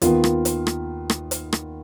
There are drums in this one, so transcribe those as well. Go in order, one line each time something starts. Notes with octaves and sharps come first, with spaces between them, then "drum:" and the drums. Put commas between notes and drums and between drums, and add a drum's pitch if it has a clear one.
D#2 D#3 B3 F4, drum: hi-hat
drum: rim click
drum: hi-hat
drum: rim click
drum: rim click
drum: hi-hat
drum: rim click